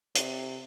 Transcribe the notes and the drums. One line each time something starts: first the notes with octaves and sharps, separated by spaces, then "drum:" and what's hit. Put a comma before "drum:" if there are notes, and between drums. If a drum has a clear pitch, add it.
C3, drum: hi-hat